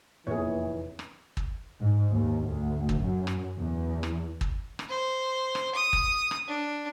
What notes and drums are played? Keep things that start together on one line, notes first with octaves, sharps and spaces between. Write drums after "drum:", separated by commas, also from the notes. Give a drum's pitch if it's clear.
F1 E2 A#2 E3 G#4 C#5
drum: rim click
drum: kick
G#2
D#2
D2
drum: kick
F#2
drum: rim click
E2
drum: rim click
drum: kick
drum: rim click
C5
drum: rim click
D#6
drum: kick
drum: rim click
D4